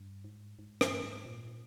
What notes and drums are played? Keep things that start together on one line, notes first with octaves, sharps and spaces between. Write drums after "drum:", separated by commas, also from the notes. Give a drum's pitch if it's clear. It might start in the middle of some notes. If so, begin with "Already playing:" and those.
Already playing: G2
G#2
G#2
G2, drum: rim click
G#2
A#2